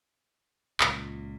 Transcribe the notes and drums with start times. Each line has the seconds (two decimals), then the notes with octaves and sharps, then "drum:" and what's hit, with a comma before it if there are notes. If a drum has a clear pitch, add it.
0.80 C#2 A#2, drum: clap